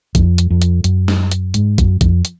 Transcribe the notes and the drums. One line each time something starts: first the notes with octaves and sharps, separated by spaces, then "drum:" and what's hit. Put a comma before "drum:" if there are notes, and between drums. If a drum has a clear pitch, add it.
F2, drum: kick, hi-hat
drum: hi-hat
F2
drum: hi-hat
F#2, drum: hi-hat
drum: snare
drum: hi-hat
G#2, drum: hi-hat
F#2, drum: kick, hi-hat
F2, drum: kick, hi-hat
drum: hi-hat